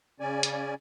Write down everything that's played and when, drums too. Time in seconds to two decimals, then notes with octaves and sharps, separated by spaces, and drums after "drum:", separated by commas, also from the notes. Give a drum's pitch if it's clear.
0.20 C#3 C#4 D5 G#5
0.43 drum: hi-hat